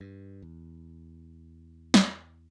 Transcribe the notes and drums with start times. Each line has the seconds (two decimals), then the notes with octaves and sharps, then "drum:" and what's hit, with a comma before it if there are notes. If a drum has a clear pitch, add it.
0.01 G2
0.42 E2
1.94 drum: snare